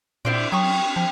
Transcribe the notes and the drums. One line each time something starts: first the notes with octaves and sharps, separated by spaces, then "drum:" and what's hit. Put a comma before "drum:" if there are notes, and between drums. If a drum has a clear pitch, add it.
A#2 E4 C5 D5, drum: cymbal
F#3 G5 C#6 D#6
drum: cymbal
F3 G5